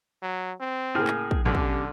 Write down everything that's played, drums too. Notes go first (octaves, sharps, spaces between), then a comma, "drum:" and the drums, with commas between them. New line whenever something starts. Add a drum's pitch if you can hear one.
F#3
C4
A2 C#3 A#3 G#4 G#5 F6
drum: clap
drum: kick
B1 D3 C#4 G4
drum: kick